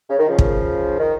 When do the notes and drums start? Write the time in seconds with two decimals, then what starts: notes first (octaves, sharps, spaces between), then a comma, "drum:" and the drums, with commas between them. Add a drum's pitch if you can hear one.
0.09 C#3
0.19 D#3
0.28 C#3 F3
0.39 drum: kick
0.98 D#3